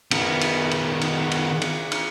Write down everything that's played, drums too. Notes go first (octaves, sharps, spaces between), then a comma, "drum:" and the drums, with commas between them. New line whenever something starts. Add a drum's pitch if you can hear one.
D#3 B3, drum: cymbal
drum: cymbal
drum: cymbal
drum: cymbal
drum: cymbal
drum: cymbal
drum: cymbal